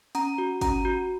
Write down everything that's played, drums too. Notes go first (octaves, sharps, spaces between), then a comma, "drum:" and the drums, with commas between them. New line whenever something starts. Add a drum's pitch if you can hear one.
C#4 A#5, drum: hi-hat
F#4
C#4 A#5, drum: kick, hi-hat
F#4